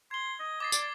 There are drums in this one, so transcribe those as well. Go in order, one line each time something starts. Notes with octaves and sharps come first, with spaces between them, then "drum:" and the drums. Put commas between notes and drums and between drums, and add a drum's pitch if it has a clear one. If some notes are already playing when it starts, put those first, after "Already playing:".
C6 G#6 G7
D#5
D#5 D6 A6 C7
D5, drum: tambourine